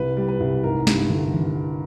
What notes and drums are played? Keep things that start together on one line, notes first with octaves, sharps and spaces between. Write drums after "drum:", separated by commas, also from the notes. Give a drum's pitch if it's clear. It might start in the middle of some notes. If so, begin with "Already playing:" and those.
Already playing: C2 B4
G3
B4
C2
G#1 A#4
G2, drum: snare
D3
drum: tom D#3